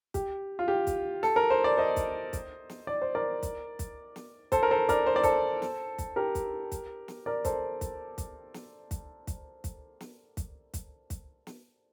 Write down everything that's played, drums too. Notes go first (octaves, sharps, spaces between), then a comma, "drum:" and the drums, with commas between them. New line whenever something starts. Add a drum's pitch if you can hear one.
G4, drum: kick, hi-hat
F4
G4
drum: kick, hi-hat
A4, drum: snare
A#4
C5
D5
C5 D#5
drum: kick, hi-hat
drum: kick, hi-hat
drum: snare
D5
C5
A#4 D5
drum: kick, hi-hat
drum: kick, hi-hat
drum: snare
A4 C5, drum: kick, hi-hat
A#4
A4 C5
A#4 D5, drum: kick, hi-hat
C5
D5
A4 C5, drum: kick, hi-hat
drum: snare
drum: kick, hi-hat
G4 A#4
drum: kick, hi-hat
drum: kick, hi-hat
drum: snare
A#4 D5
A4 C5, drum: kick, hi-hat
drum: kick, hi-hat
drum: kick, hi-hat
drum: snare
drum: kick, hi-hat
drum: kick, hi-hat
drum: kick, hi-hat
drum: snare
drum: kick, hi-hat
drum: kick, hi-hat
drum: kick, hi-hat
drum: snare